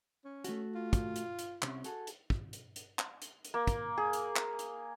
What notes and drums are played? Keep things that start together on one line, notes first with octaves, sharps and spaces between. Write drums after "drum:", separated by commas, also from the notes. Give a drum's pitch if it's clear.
C#4
A3 F#4, drum: hi-hat
F4
drum: kick, hi-hat
drum: hi-hat
drum: hi-hat
C2 C3 C#4, drum: clap
F#4 G#4 A4, drum: hi-hat
drum: hi-hat
drum: kick
drum: hi-hat
drum: hi-hat
drum: clap
drum: hi-hat
drum: hi-hat
A#3
drum: kick, hi-hat
G#4
drum: hi-hat
drum: clap
drum: hi-hat